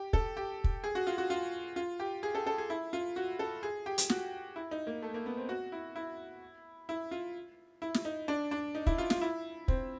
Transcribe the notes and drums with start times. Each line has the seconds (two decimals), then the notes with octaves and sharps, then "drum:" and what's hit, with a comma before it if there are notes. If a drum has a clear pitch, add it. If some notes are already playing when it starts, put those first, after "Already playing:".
Already playing: G4
0.13 A4, drum: kick
0.37 G4
0.64 drum: kick
0.84 G#4
0.95 F#4
1.07 F4
1.18 F#4
1.30 F4
1.76 F4
2.00 G4
2.23 G#4
2.35 A4
2.46 A4
2.58 G#4
2.70 E4
2.93 F4
3.16 F#4
3.39 A4
3.63 G#4
3.86 G4
3.98 drum: hi-hat
4.10 F#4, drum: snare
4.56 E4
4.71 D#4
4.87 A#3
5.02 A3
5.14 A#3
5.26 B3
5.37 C4
5.49 F#4
5.72 E4
5.96 E4
6.89 E4
7.11 F4
7.82 E4
7.94 drum: snare
8.05 D#4
8.28 D4
8.51 D4
8.75 D#4
8.87 E4, drum: kick
8.98 F4
9.10 F4, drum: snare
9.21 E4
9.68 C4, drum: kick